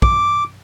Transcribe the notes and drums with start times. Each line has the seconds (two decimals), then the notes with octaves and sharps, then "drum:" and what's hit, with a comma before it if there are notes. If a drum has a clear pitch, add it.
0.02 D6, drum: kick